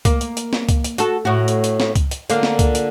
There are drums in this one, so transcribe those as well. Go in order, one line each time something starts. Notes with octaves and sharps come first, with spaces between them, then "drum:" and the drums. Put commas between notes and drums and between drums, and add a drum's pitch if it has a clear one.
A#3, drum: kick C#2, hi-hat
drum: hi-hat
drum: hi-hat
drum: snare
drum: kick C#2, hi-hat
drum: hi-hat
F#4 A4, drum: hi-hat
A2 F#4
drum: hi-hat
drum: hi-hat
drum: snare
drum: kick C#2, hi-hat
drum: hi-hat
D3 A#3 F4, drum: hi-hat
drum: snare
drum: kick C#2, hi-hat
drum: hi-hat